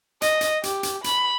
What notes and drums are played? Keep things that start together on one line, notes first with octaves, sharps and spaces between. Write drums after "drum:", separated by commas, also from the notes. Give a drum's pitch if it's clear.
D#5, drum: hi-hat
drum: hi-hat
G4, drum: hi-hat
drum: hi-hat
B5, drum: hi-hat